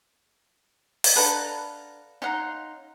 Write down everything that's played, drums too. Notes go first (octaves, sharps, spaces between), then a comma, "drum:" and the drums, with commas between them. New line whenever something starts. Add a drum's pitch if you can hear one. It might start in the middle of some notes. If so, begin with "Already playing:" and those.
drum: open hi-hat
D4 A4 B4 F5 F#5 A#5
C#4 D#4 F5 F#5 A#5 C6